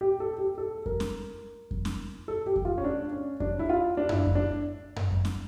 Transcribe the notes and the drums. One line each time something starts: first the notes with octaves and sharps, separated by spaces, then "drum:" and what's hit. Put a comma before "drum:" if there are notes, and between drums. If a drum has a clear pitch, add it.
G4
A4
G4
A4
A#4, drum: kick F2
drum: snare
drum: kick F2
drum: snare
A4
G4
drum: kick F2
F4
C#4
D4
C#4
D4, drum: kick F2
E4
F4
D4
E4, drum: tom F#2
D4
drum: kick F2
D4
drum: tom F#2
drum: kick F2
drum: snare